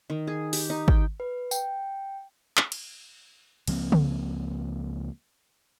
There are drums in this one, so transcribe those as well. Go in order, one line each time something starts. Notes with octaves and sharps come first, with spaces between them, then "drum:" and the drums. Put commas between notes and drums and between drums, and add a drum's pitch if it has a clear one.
D#3
G#4
G4, drum: open hi-hat
D#4
G5, drum: kick G#1
B4
G5, drum: tambourine
drum: clap
drum: cymbal
C#2 F3 A#3 C4, drum: cymbal
drum: tom C#3